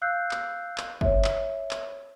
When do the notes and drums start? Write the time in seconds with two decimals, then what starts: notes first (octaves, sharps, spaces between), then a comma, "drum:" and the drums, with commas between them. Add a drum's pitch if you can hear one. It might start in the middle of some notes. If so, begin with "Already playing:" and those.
0.02 F5 E6 F#6 G6 C7
0.31 drum: clap
0.78 drum: clap
1.01 C#5 E5, drum: kick
1.24 drum: clap
1.71 drum: clap